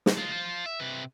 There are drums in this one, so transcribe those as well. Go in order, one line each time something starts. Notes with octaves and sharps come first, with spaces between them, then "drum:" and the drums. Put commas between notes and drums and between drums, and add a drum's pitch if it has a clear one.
drum: snare
G#3 F4
F4 C5
E5
C3 B4